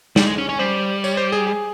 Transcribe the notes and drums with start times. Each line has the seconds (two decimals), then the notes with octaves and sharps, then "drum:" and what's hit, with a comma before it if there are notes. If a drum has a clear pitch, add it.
0.16 G3, drum: snare
0.27 G#3
0.38 C#4
0.49 C#4
0.59 G3 C5
1.04 C#5, drum: tambourine
1.17 C5
1.32 G#4
1.47 G#4